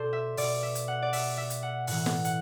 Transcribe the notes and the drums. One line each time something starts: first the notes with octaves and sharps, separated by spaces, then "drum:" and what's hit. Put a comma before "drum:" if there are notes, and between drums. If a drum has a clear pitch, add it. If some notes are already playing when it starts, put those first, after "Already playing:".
Already playing: B2 A4 C5 D5
E5
B2 D5, drum: open hi-hat
E5
drum: hi-hat
F#5
D5
E5, drum: open hi-hat
E5
drum: hi-hat
F#5
A2 E3 F#5, drum: open hi-hat
drum: snare
F#5, drum: hi-hat